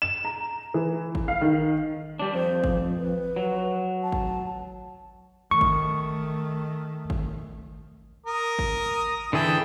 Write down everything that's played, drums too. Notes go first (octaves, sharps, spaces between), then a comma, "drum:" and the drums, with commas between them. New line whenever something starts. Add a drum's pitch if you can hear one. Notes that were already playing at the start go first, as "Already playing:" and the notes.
E7
A#5
E3
drum: kick G#1
F5
D#3
G3 D4
F2 C5
drum: kick G#1
B4
F#3
A5
drum: kick G#1
D#3 A3 C#6
drum: kick G#1
drum: kick G#1
A#4 D#6
drum: kick G#1
D3 E3 E4 G#4 G5 A5